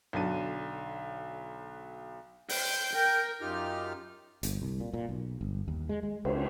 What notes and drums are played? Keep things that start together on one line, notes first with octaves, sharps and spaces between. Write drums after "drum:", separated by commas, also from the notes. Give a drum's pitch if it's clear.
B1 D3 F#3 A5 D#7
C5 G5, drum: open hi-hat
A#4 G5
F#2 D#4 F4 G4 F6
G1, drum: hi-hat
C2
A#2
A#2
B1
G1
D#2
G#3
G#3
C#2, drum: cymbal